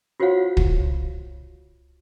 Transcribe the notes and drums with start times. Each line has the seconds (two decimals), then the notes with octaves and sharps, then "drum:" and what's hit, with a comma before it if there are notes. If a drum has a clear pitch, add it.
0.20 F4 F#4 C5 C#5 F5 F#5
0.57 drum: kick